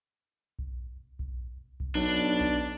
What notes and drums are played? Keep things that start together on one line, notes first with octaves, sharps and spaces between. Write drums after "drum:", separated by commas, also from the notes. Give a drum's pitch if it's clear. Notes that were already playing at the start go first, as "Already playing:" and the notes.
drum: kick B1
drum: kick B1
drum: kick B1
B1 D4
drum: kick B1